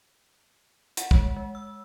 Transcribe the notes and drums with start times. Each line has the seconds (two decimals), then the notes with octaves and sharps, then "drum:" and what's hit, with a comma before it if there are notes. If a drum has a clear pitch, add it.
0.97 F#5, drum: hi-hat
1.11 G#3, drum: kick
1.37 G#3
1.55 E6